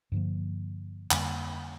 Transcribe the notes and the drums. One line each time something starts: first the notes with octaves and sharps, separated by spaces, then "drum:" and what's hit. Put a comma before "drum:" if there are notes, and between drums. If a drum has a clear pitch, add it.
G2 D3 F3 A#3
F2 D3 G3 A#3, drum: clap